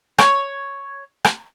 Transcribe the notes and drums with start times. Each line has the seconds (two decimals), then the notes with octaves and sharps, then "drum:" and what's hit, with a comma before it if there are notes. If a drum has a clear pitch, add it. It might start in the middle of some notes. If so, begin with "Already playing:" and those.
0.18 C#5, drum: rim click
1.25 drum: rim click